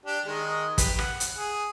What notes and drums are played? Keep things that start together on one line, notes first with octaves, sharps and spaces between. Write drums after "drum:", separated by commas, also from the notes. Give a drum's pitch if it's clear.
D4 G4
D#3 G#3 D#5
G4 B4, drum: kick, hi-hat
F#5, drum: rim click
drum: hi-hat
G#4